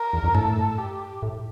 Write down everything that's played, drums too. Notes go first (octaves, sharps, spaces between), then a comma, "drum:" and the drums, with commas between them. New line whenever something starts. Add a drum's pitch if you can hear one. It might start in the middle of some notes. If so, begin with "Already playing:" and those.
Already playing: A#4
E2
F2
A2 A4, drum: tom F#2
G4
A2